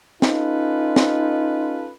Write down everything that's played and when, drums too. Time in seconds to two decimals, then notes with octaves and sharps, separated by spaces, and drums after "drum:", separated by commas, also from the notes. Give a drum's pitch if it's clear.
0.22 C#4 D#4 F4 A4 B4, drum: snare
0.96 drum: snare